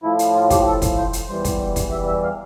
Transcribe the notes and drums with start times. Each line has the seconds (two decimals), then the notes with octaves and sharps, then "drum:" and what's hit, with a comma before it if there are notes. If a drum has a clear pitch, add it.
0.03 A2 F3 E4
0.19 drum: hi-hat
0.35 F4
0.50 G4, drum: kick, hi-hat
0.66 A4
0.82 drum: kick, hi-hat
0.98 C5
1.13 drum: hi-hat
1.29 E2 E3 G3 C5
1.45 drum: kick, hi-hat
1.76 drum: kick, hi-hat
1.92 E5
2.07 E5
2.23 F5